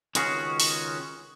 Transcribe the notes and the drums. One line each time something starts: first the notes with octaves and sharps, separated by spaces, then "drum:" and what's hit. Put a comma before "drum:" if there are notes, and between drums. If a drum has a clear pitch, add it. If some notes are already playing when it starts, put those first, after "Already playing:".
C#2 D#3 G#3 C#4 F#4 F5, drum: hi-hat
drum: open hi-hat